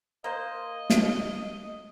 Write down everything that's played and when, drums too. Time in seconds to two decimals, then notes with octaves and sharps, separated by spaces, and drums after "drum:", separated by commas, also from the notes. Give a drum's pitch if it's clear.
0.24 A#3 C5 D#5
0.90 drum: snare